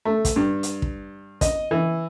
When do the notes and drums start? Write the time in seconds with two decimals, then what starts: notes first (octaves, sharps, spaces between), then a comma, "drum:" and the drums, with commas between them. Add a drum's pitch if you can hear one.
0.05 A3
0.25 drum: kick, hi-hat
0.36 G2
0.63 drum: hi-hat
0.82 drum: kick
1.41 D#5, drum: kick, hi-hat
1.71 E3